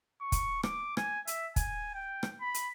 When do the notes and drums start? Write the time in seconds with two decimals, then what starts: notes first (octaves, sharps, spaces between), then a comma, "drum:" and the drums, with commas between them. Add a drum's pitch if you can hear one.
0.21 C#6
0.32 drum: kick, hi-hat
0.63 D6, drum: rim click
0.97 G#5, drum: rim click
1.27 E5, drum: hi-hat
1.56 G#5, drum: kick, hi-hat
1.94 G5
2.23 drum: rim click
2.41 B5
2.54 drum: hi-hat